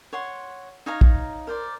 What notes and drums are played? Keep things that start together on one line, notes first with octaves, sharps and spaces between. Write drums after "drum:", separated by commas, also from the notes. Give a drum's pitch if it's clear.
C#5 F#5 C6
D#4 C#5 F5 A#5
drum: kick
A#4 C5 D5